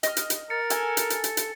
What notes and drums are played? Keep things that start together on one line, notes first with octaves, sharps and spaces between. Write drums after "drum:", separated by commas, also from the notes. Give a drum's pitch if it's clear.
D#5 F6, drum: hi-hat
drum: hi-hat
drum: hi-hat
A#4 A6 C#7
A4 G#5, drum: hi-hat
drum: hi-hat
drum: hi-hat
drum: hi-hat
drum: hi-hat